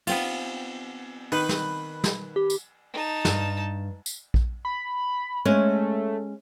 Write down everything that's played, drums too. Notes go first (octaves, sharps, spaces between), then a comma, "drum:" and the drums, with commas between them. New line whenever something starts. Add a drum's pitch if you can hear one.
B3 C4 F4, drum: cymbal
D#3 B4, drum: open hi-hat
drum: snare
drum: snare
G4
drum: tambourine
D#4 A5
G2, drum: snare
drum: tambourine
drum: kick A#1
B5
G#3 A3 C#4